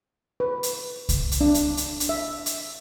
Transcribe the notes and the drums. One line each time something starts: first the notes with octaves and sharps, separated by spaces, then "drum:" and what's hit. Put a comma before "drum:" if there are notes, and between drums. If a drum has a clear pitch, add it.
B4
drum: hi-hat
drum: kick C2, hi-hat
drum: hi-hat
D4
drum: hi-hat
drum: hi-hat
drum: hi-hat
E5
drum: hi-hat